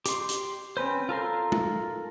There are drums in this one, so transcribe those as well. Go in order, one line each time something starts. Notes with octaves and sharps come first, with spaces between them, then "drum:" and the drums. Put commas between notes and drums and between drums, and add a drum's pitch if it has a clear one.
G4 C6, drum: hi-hat
drum: hi-hat
C4 C#4 B4 C5
F4 A4 A#4 C6
drum: tom G#3